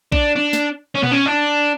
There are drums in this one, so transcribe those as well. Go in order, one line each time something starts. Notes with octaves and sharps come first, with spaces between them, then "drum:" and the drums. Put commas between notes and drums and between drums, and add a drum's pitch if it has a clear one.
D4, drum: kick
D4
drum: snare
C#4
B3, drum: tom A#2
C#4
D4